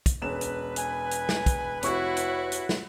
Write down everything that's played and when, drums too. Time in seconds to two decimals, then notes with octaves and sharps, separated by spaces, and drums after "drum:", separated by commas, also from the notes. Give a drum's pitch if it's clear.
0.06 drum: kick, hi-hat
0.22 E1 C#4 B4 E7
0.41 drum: hi-hat
0.76 G#5, drum: hi-hat
1.11 drum: hi-hat
1.29 drum: snare
1.46 drum: kick, hi-hat
1.83 F1 E4 F#4 C#5 C#6, drum: hi-hat
2.17 drum: hi-hat
2.52 drum: hi-hat
2.69 drum: snare